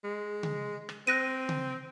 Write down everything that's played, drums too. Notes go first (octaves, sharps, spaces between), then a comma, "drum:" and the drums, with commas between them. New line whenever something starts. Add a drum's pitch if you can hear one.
G#3
drum: tom C#3
drum: rim click
C4 F#6 A#6 D#7
drum: tom C#3